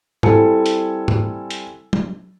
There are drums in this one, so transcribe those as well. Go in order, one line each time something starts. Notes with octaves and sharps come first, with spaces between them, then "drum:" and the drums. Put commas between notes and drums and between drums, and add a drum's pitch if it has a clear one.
G3 C4 E4 A4 G#5 C#7, drum: tom G#2
drum: hi-hat
drum: tom G#2
drum: hi-hat
drum: tom F#3